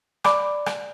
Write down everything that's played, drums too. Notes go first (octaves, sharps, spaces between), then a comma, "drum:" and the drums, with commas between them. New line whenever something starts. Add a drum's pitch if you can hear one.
D5 B5 D6, drum: rim click
drum: rim click